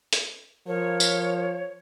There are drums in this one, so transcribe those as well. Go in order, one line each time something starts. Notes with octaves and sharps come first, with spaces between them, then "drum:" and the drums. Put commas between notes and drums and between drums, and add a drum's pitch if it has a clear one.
drum: hi-hat
F3 A#4 C#5
drum: tambourine